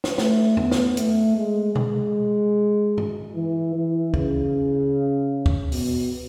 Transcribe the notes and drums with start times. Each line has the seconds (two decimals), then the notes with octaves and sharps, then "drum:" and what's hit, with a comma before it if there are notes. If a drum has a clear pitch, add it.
0.04 drum: snare
0.18 A3, drum: snare
0.57 B3, drum: tom E2
0.71 drum: snare
0.97 A3, drum: hi-hat
1.36 G#3
1.75 G#3, drum: tom B2
2.98 drum: tom G2
3.35 E3
3.75 E3
4.14 C#3, drum: kick
5.46 drum: kick
5.72 B2, drum: open hi-hat